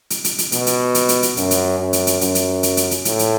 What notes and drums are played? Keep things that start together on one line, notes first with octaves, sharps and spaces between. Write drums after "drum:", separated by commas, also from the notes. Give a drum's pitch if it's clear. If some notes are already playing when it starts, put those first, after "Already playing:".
drum: hi-hat
drum: hi-hat
drum: hi-hat
B2, drum: hi-hat
drum: hi-hat
drum: hi-hat
drum: hi-hat
drum: hi-hat
F#2, drum: hi-hat
drum: hi-hat
F#2
drum: hi-hat
drum: hi-hat
F#2, drum: hi-hat
drum: hi-hat
drum: hi-hat
drum: hi-hat
drum: hi-hat
A2, drum: hi-hat
drum: hi-hat